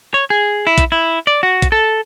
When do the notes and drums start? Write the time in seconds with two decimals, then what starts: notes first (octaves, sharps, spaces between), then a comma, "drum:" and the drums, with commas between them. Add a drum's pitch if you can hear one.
0.14 C#5
0.30 G#4
0.67 E4
0.78 drum: kick, hi-hat
0.92 E4
1.27 D5
1.43 F#4
1.62 drum: kick, hi-hat
1.72 A4